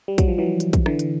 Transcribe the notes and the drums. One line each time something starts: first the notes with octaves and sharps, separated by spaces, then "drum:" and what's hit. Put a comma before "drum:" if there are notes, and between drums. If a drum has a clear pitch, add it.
G3
F#3, drum: kick, hi-hat
F3
E3 F#3
drum: hi-hat
drum: kick, hi-hat
D3 E3, drum: rim click
drum: hi-hat